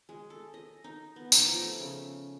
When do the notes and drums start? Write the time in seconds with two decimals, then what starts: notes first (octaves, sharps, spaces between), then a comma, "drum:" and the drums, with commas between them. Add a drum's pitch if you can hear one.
0.09 G#3
0.30 A4
0.54 D#5
0.84 D#4
1.16 B3
1.32 D#4, drum: tambourine
1.47 F3
1.62 A3
1.79 C#3